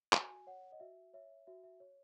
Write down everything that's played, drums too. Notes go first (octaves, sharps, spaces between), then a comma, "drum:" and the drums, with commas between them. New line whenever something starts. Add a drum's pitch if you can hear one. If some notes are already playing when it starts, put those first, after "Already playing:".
F#4 G#5, drum: clap
C#5 F#5
D#5
F#4 E5
C#5 E5
F#4 E5
E5
C#5